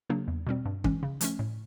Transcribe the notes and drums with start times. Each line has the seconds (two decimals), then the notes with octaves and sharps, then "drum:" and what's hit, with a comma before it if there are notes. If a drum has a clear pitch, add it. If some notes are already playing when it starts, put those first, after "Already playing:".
0.10 C#3 F#3 A#3 D4
0.28 E2
0.47 B2 G3 C4
0.65 G2
0.84 E3 G#3 C#4, drum: kick
1.03 C#3
1.21 F3 A3 C#4, drum: hi-hat
1.39 A2